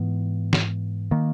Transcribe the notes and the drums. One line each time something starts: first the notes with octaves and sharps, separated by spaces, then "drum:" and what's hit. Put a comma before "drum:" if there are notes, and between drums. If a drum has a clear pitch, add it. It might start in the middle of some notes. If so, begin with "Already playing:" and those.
Already playing: G#2 E3 B3
drum: snare
D#3 A#3